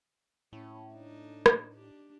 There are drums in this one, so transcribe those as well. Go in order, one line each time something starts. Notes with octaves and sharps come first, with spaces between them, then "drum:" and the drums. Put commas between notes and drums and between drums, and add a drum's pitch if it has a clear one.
A2 C#4
D4 D#4
drum: rim click
D4 G4